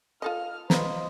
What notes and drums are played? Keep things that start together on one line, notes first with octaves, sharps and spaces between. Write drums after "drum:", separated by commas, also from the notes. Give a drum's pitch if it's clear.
F4 A4 D#5 F6
F4 B4 C5 D#5 A#5, drum: snare